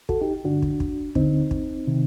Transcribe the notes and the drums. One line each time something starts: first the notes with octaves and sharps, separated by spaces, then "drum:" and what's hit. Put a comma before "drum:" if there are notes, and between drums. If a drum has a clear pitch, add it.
F#4 A4, drum: kick
D#4 G4
G2 D3 D4 F#4
drum: kick
drum: kick
D2 D3 C4 D#4, drum: kick
drum: kick
C3 D#3